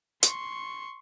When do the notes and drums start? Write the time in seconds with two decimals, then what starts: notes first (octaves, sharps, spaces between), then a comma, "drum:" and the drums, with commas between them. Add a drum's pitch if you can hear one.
0.23 C6 C#6, drum: hi-hat